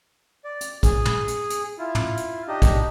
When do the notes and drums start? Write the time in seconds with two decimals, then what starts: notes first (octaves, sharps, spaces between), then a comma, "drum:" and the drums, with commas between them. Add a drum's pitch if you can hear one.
0.45 D5
0.61 drum: hi-hat
0.83 G#4, drum: kick, hi-hat
1.05 drum: tom
1.28 drum: hi-hat
1.50 drum: hi-hat
1.79 E4 F4
1.95 drum: tom
2.17 drum: hi-hat
2.48 D4 D#4 G4 D#5
2.62 drum: kick, hi-hat